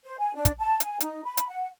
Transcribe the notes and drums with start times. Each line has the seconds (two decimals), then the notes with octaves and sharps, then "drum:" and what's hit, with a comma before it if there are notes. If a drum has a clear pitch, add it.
0.05 C5
0.19 G#5
0.34 D4
0.45 drum: kick, hi-hat
0.60 A5
0.80 G#5, drum: hi-hat
1.00 D#4, drum: hi-hat
1.25 B5
1.37 drum: hi-hat
1.48 F#5